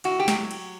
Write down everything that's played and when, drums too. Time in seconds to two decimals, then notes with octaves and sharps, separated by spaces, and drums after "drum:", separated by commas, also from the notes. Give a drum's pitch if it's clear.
0.04 A2 F#4, drum: cymbal
0.20 G4
0.28 F#3, drum: snare
0.51 drum: cymbal